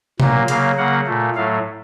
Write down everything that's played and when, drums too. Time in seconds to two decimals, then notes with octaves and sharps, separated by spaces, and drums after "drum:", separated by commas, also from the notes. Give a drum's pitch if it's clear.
0.20 A#2 F#3 A#3, drum: tom C3
0.48 C#3 F#3 A#3 F5, drum: hi-hat
0.77 C#3 F#3 A#3 F#5
1.06 A#2 A3
1.35 A2 F#3 A3 F5